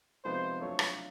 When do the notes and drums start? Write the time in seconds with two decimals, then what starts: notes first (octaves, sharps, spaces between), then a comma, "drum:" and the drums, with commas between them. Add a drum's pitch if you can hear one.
0.25 C3 F3 G#3 B3 D#4 C5
0.61 F#3 A3 D4 F4 C#5
0.79 drum: rim click